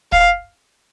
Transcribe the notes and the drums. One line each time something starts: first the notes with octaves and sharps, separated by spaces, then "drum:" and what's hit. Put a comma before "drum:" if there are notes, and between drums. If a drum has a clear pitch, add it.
F5, drum: kick